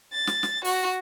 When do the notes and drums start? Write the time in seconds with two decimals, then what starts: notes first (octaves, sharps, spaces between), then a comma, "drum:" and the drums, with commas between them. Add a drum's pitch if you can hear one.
0.13 A6
0.27 drum: snare
0.43 drum: snare
0.64 F#4, drum: open hi-hat